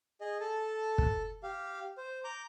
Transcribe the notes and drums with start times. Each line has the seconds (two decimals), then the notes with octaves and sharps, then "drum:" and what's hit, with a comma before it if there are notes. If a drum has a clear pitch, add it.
0.21 G#4 D#5
0.40 A4 A5
0.98 drum: kick
1.43 G4 F5
1.97 C5
2.24 A#5 D6 G6